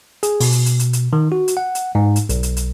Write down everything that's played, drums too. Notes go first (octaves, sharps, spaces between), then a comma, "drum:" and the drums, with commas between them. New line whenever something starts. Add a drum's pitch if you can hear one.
G#4, drum: hi-hat
B2, drum: open hi-hat
drum: hi-hat
drum: hi-hat
drum: hi-hat
drum: hi-hat
D#3
F#4
drum: hi-hat
F#5
drum: hi-hat
G#2
drum: hi-hat
B1, drum: hi-hat
drum: hi-hat
drum: hi-hat